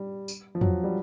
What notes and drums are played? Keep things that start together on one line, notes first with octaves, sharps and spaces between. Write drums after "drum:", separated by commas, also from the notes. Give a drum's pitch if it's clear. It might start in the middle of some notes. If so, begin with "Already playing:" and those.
Already playing: G3
drum: tambourine
F3
F#3, drum: tom E2
G3